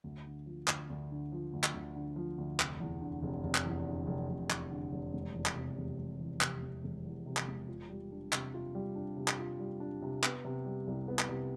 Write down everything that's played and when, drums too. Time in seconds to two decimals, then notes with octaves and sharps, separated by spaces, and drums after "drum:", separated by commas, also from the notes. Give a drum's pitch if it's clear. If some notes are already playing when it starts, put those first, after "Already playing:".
0.04 D2
0.26 D3
0.46 F3
0.68 D2, drum: clap
0.90 D2
1.11 D3
1.32 F3
1.53 D2
1.64 drum: clap
1.74 D2
1.95 D3
2.16 F3
2.38 D2
2.60 F1, drum: clap
2.80 E2
3.01 D3
3.22 F1
3.44 F1
3.55 drum: clap
3.65 E2
3.87 D3
4.07 F1
4.28 F1
4.50 E2, drum: clap
4.71 D3
4.92 F1
5.13 E1
5.35 E2
5.46 drum: clap
5.56 C3
5.78 E1
5.99 E1
6.21 E2
6.41 C3, drum: clap
6.63 E1
6.84 E1
7.05 E2
7.26 C3
7.37 drum: clap
7.48 E1
7.68 F4
7.89 G3
8.12 D4
8.33 C3, drum: clap
8.54 F4
8.75 G3
8.96 D4
9.17 C3
9.28 drum: clap
9.39 F4
9.60 G3
9.80 D4
10.02 C3
10.23 B3, drum: clap
10.45 C3
10.66 G3
10.87 C2
11.08 B3
11.19 drum: clap
11.29 C3